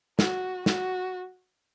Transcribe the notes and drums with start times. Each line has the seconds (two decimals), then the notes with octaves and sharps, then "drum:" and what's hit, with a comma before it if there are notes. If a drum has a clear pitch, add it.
0.19 F#4, drum: snare
0.66 F#4, drum: snare